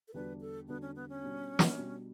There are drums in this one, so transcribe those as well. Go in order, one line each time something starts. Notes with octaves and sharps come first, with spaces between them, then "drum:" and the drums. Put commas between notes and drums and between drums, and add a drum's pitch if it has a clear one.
A4
E2 D3 G3 D4 F#4 B4
A4
E2 D3 G3 B3 D4 F#4
C#4
B3
C#4
B2 G3 D4 F#4
drum: snare
B2 G3 D4 F#4